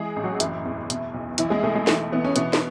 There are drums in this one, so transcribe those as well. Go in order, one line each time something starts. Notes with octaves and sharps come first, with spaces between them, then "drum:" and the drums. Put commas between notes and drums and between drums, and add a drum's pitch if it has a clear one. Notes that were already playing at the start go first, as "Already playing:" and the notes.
Already playing: E3 G#3 G#4
A1
F#3 F#4
F#1 E3 E4, drum: hi-hat
E2
B2, drum: hi-hat
B1
B1 E3 E4, drum: hi-hat
G#3 G#4
B1 A3
G#3
E3 A3, drum: snare
E3 B3
C#4
B2 E3 B3, drum: hi-hat
drum: snare